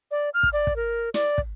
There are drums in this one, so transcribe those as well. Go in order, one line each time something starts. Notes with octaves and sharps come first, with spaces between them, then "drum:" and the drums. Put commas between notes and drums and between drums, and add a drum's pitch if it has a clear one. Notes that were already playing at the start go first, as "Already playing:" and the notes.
D5
F6
drum: kick
D5
drum: kick
A#4
D5, drum: snare
drum: kick